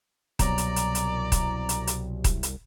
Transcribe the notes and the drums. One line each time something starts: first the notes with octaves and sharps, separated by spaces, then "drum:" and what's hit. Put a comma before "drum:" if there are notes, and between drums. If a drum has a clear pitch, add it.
C2 B2 F#3 D5 A#5, drum: kick D#1, hi-hat
drum: hi-hat
drum: hi-hat
drum: hi-hat
drum: kick D#1, hi-hat
drum: hi-hat
drum: hi-hat
drum: kick D#1, hi-hat
drum: hi-hat